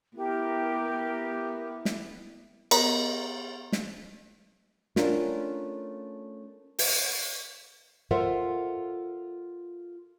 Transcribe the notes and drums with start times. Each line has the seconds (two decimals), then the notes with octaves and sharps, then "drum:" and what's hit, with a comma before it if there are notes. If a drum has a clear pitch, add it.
0.16 B3 E4 G4 A#4
1.85 drum: snare
2.71 B3 A#4 C#5 D#5 A#5, drum: cymbal
3.72 drum: snare
4.96 A3 C#4 D4 F4 A#4, drum: snare
6.79 drum: open hi-hat
8.11 F4 A4 A#4 C5 E5 F#5